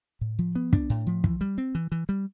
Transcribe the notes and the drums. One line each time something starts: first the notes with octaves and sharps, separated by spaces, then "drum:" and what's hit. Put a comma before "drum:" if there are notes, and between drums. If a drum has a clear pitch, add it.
A2
F3
B3
D4, drum: kick
A2
F3
E3, drum: kick
G3
C4
E3
E3
G3